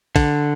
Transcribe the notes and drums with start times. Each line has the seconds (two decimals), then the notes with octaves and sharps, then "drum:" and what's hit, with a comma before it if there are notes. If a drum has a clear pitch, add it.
0.16 D3, drum: kick, cymbal